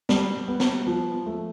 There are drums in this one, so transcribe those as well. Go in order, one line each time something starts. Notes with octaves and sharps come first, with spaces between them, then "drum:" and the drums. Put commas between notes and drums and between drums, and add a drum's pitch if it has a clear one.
G3, drum: snare
B3
drum: snare
F3
A3